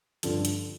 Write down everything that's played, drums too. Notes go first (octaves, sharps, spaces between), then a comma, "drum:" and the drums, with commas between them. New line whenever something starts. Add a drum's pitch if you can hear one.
G2 D3 F3 A4, drum: hi-hat
drum: hi-hat